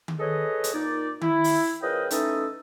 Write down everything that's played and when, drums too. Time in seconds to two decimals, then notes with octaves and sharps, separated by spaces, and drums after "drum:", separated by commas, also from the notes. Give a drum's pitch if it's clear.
0.08 drum: tom D#3
0.19 G#4 A4 B4 C#5 D#5
0.64 drum: hi-hat
0.73 A#2 D#4 D5
1.21 E4, drum: tom D#3
1.44 drum: open hi-hat
1.82 C#3 F3 A#4 B4 D#5 G5
2.10 E3 A3 C#4 D#4 A4 D#5, drum: hi-hat